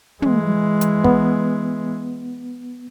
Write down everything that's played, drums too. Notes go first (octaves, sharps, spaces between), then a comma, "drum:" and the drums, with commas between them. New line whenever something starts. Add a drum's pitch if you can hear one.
E3 G#3, drum: tom
drum: hi-hat
B3, drum: kick